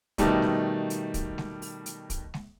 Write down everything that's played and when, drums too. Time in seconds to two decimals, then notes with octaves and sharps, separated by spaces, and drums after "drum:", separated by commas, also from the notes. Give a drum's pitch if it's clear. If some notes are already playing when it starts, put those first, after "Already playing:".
0.18 B2 D#3 G3 A3, drum: kick, hi-hat
0.42 drum: snare G#3
0.90 drum: hi-hat
1.14 drum: kick, hi-hat
1.38 drum: snare G#3
1.62 drum: open hi-hat
1.86 drum: hi-hat
2.10 drum: kick, hi-hat
2.34 drum: snare G#3